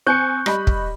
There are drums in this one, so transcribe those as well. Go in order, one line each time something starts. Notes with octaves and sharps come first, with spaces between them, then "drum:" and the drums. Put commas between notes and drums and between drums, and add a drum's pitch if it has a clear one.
C4 G#5 C#6 F#6 G6 C#7
G3 D#5 B5, drum: rim click
drum: kick